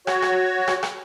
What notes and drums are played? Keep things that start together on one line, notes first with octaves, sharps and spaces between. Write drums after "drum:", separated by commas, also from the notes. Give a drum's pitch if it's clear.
F#4 C#5, drum: rim click
drum: rim click
drum: rim click
drum: rim click